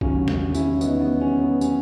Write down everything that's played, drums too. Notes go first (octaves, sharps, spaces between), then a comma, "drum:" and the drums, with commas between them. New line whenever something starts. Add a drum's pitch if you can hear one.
E1 D#2 C#3 F#3 C#4, drum: kick
C#4, drum: snare
C#4 E4, drum: tambourine
B3 D#4, drum: tambourine
B3
C#4
B3
C#4, drum: tambourine